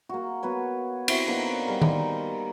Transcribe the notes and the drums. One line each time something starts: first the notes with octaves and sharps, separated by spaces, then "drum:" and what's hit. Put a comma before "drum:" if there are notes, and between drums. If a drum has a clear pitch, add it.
A#3 F#4
B3 F#4 B4 C#5
C4 E4 F#4, drum: cymbal
D3 A#3 B3 D#4
G3 A#4
D#4 C6, drum: tom D#3